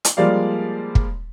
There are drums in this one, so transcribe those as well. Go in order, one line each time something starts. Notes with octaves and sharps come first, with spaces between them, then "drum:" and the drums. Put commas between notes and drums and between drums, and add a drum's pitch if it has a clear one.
drum: hi-hat
F3 G3 G#3 A#3 D5 F5
drum: kick